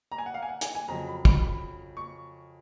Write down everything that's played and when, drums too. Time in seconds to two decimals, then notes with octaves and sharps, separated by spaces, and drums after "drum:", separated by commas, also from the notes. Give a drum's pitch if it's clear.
0.12 A#5
0.18 G#5
0.26 F#5
0.34 F5
0.42 G#5
0.48 F#5
0.61 G#5, drum: hi-hat
0.75 G#5
0.88 F2 C#3 F#3 A#5
1.07 B5
1.25 B5, drum: kick
1.43 B5
1.97 C#6